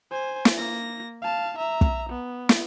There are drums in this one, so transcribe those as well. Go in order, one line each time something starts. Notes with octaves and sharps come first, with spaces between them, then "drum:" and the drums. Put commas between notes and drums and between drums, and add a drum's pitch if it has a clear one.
C5 G#5
drum: snare
A#3 A#6
F5 A5
E5 A#5
drum: kick
B3
drum: snare